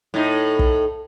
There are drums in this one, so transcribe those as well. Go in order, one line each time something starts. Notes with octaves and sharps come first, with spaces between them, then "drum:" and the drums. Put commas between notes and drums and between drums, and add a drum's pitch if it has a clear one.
A2 D#4
drum: kick